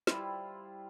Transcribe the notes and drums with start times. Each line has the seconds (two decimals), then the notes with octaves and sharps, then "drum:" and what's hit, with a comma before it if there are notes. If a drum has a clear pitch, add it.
0.07 G3 E4 F4 C5, drum: snare